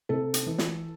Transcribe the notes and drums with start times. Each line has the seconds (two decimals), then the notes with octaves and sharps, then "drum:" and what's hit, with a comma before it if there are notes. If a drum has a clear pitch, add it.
0.09 C3 A4
0.34 drum: hi-hat
0.46 E3
0.58 drum: snare